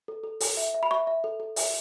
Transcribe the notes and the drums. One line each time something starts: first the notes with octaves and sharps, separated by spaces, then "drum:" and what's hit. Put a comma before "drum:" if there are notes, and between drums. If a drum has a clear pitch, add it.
A4
A4
A4, drum: open hi-hat
E5
E5
B5
E5 C#6
E5
A4
A4
E5, drum: open hi-hat